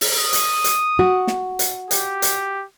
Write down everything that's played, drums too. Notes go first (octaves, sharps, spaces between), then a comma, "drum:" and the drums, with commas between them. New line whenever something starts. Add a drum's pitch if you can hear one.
drum: open hi-hat
D#6
drum: hi-hat
drum: hi-hat
F#4
drum: snare
drum: hi-hat
G4, drum: hi-hat
drum: hi-hat